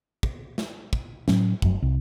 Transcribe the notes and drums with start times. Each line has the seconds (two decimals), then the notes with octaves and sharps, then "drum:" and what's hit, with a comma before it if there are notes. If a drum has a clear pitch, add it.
0.23 drum: kick
0.58 drum: snare
0.93 drum: kick
1.28 A2 F#3 C#4, drum: snare
1.62 F1 F#2, drum: kick
1.82 C2